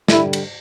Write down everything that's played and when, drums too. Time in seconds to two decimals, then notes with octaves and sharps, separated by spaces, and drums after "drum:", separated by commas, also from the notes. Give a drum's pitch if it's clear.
0.08 D3 G3 E4, drum: snare
0.33 drum: cymbal